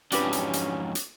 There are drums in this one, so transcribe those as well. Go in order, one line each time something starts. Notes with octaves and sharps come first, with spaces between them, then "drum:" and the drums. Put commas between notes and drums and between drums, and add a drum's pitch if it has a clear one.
F2 G#2 F#3 C#4 D4 G4 B4, drum: hi-hat
drum: hi-hat
drum: hi-hat
drum: hi-hat